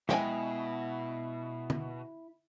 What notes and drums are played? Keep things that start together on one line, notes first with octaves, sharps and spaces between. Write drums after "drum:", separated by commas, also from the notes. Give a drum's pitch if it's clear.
B2 G#3 E4 G5 G#5, drum: snare
drum: tom